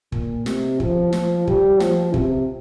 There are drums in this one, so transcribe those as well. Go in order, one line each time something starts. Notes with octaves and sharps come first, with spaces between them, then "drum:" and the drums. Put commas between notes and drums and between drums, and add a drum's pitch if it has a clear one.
A#2, drum: kick
C3, drum: snare
F3, drum: kick
F3, drum: snare
G3, drum: kick
F3, drum: snare
C3, drum: kick